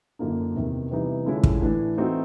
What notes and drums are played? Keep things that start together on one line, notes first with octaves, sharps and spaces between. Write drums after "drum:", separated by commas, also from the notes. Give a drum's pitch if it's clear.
F#2 D3 F3 A#3 D#4
E2 C3 D#3
C3 E3 G3 B3 D#4
D3 F3 G#3 C#4 E4
drum: kick
A2 E3 A3 D4
E3 A3 C4 D#4 F#4